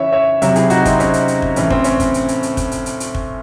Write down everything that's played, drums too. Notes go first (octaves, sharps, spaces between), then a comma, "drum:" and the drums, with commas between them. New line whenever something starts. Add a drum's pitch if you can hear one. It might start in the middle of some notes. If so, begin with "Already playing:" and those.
Already playing: C#3 E3 C#5 E5
C#5 E5
C3 F#3 C#5 E5, drum: hi-hat
E4 G#4, drum: hi-hat
D#4 F#4, drum: hi-hat
C4 D#4, drum: kick, hi-hat
C#4, drum: hi-hat
drum: hi-hat
drum: hi-hat
drum: kick
A2 E3 C#4, drum: hi-hat
C4, drum: kick
C#4, drum: hi-hat
drum: kick, hi-hat
drum: hi-hat
drum: hi-hat
drum: hi-hat
drum: kick, hi-hat
drum: hi-hat
drum: hi-hat
drum: hi-hat
drum: kick